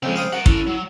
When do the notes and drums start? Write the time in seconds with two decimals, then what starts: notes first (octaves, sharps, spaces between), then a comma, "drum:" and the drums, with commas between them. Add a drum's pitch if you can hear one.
0.03 F2 C#3 G#3 A#3 C4
0.16 C5 F5 G5 D#6
0.33 F#4 A#4 F#5
0.46 C#4 E4 A4, drum: kick
0.67 F#3